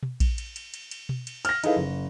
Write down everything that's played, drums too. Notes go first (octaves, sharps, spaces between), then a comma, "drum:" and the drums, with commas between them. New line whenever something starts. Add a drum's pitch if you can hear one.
drum: tom B2
drum: kick A#1, cymbal
drum: cymbal
drum: cymbal
drum: cymbal
drum: cymbal
drum: tom B2
drum: cymbal
F6 A#6, drum: cymbal
D#4 E4 G#4 A4 B4 F5, drum: cymbal
F#1